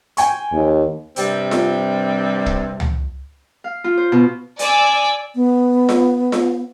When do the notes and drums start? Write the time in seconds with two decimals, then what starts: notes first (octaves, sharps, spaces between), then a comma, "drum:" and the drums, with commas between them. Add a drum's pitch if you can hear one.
0.17 G5 G#5 C#6, drum: hi-hat
0.53 D#2
1.16 G2 C3 G3 C4, drum: hi-hat
1.51 drum: snare F4
2.46 drum: kick
2.80 drum: tom
3.64 F5
3.84 F4
3.98 C5
4.12 B2
4.59 D5 G#5 D6 E6, drum: hi-hat
5.35 B3
5.89 drum: snare F4
6.32 drum: snare F4